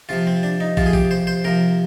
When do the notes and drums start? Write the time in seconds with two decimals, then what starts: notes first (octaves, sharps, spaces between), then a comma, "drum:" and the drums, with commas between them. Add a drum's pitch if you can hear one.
0.09 C3 F3 F4
0.27 C4
0.43 D4
0.60 D#4
0.77 C3 F3 F4, drum: kick
0.86 G#4
0.93 G4, drum: kick
1.11 C5
1.27 C5
1.44 C3 F3 A#4